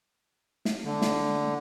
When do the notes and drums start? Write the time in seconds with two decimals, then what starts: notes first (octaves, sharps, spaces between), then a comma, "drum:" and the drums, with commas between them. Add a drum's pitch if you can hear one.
0.65 drum: snare
0.83 D3
1.02 drum: snare